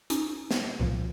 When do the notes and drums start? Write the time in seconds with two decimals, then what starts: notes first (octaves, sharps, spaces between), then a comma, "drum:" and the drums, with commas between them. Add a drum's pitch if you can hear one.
0.10 C#4 D#4, drum: hi-hat
0.51 drum: snare
0.80 C2 A#2 F3